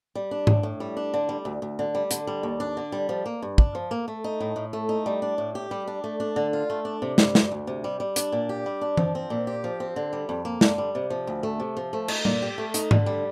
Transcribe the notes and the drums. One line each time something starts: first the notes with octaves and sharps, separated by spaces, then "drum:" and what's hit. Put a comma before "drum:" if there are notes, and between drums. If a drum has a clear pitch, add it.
G3
D4
A2, drum: tom G#2
A2
G3
D4
D3
G3
D2
D2
D3
G3
D3, drum: hi-hat
G3
D#2
D4
D3
G3
F3
A#3
G2
D4, drum: kick
F3
A#3
A3
D#4
A2
A2
A3
D#4
G3
D4
A2
G4
G3
D4
A3
D4
D3
F4
A3
D4
C3
G3, drum: snare
D2, drum: snare
D2
C3
G3
G3
D4, drum: hi-hat
A#2
G4
G3
D4
F3, drum: tom E3
C4
A#2
G4
F3
C4
D3
G3
F2
A#3
D3, drum: snare
G3
C3
F3
D2
A3
C3
F3
A3
D#4, drum: cymbal
A#2, drum: tom
G4
A3
D#4, drum: hi-hat
D3, drum: tom G#2
G3